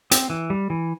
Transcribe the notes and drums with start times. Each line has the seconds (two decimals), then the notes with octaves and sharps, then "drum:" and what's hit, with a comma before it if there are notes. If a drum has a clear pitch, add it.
0.11 C4, drum: hi-hat
0.30 E3
0.50 G3
0.70 E3